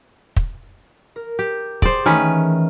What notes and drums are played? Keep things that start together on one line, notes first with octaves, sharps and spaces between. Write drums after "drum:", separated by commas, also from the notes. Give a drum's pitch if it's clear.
drum: kick
A#4
G4
G#4 A4 C5 D5 G5, drum: kick
D#3 E3 A3 C#4 B4